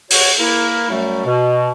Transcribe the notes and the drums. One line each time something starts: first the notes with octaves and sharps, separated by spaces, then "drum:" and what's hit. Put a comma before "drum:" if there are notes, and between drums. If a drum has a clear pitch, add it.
F#4 C#5, drum: open hi-hat
A#3 E4 A#4
F#2 F#3 G3 A3
B2